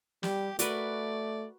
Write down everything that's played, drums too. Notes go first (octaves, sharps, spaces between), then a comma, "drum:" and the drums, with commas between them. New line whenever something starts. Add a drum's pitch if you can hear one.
G3 G4, drum: snare
A3 F#4 A#4 B4 D5, drum: hi-hat